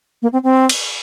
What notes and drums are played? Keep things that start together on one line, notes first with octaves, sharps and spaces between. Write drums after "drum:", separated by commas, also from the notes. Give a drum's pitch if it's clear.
A#3
C4
C4
drum: cymbal